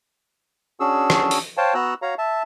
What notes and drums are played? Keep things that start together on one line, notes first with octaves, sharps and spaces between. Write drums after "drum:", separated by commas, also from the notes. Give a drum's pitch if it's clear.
C#4 D4 F#4 G#4 E6
drum: rim click
drum: open hi-hat
C5 C#5 F5 G5 A5
B3 F#4 A#5 E6 F#6
F#4 C#5 F5 A#5
E5 A5